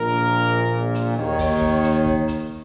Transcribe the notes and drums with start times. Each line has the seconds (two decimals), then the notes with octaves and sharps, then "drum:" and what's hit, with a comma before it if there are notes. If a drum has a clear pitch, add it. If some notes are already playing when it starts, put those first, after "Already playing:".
Already playing: A#1 A#2 A#4
0.95 drum: hi-hat
1.17 D#2 D#3 C#5
1.39 drum: kick, open hi-hat
1.61 drum: kick
1.83 drum: hi-hat
2.06 drum: kick
2.28 drum: hi-hat